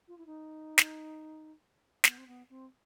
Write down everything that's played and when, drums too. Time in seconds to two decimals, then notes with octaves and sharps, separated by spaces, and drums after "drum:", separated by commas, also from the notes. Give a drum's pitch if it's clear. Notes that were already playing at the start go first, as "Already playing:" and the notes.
0.07 F4
0.17 E4
0.26 D#4
0.78 drum: snare
2.04 B3, drum: snare
2.17 C4
2.26 B3
2.49 C4